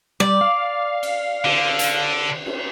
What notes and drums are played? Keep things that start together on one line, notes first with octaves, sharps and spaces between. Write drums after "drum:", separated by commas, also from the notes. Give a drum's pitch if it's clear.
G3 D5
F5
drum: cymbal
D3, drum: cymbal
drum: hi-hat
drum: cymbal